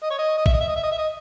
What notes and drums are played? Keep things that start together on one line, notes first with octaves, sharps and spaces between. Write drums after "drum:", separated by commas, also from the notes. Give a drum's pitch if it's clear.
D#5
C#5
D#5
D#5
E5, drum: kick A1
D#5
E5
D#5
E5
D#5
E5
D#5